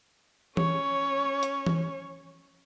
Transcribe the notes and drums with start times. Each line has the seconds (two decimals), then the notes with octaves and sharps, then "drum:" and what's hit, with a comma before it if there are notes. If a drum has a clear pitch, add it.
0.57 C#4 C#5, drum: tom E3
1.43 drum: hi-hat
1.66 drum: tom E3